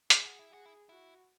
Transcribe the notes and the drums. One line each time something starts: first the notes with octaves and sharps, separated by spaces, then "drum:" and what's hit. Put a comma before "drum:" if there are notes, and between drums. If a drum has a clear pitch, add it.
E4 G#4, drum: hi-hat
F#4
E4
F#4 G#4
E4
E4 F#4